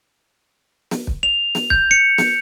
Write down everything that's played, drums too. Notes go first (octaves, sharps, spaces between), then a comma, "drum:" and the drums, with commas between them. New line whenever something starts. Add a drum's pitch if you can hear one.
drum: snare
drum: kick
F7
drum: snare
G6, drum: kick
C#7
drum: snare